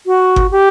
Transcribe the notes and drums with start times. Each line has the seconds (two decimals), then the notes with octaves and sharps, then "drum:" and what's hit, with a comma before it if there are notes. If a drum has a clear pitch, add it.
0.06 F#4
0.36 drum: kick G1
0.51 G4